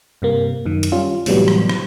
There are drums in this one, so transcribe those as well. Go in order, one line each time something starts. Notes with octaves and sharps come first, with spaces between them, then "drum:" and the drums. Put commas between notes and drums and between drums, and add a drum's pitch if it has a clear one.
G2 C3 A#3
F#2 D#3
drum: hi-hat
G3 C#4 F4
A2 C3 E3 F#3 G3 B3, drum: open hi-hat
drum: rim click
drum: rim click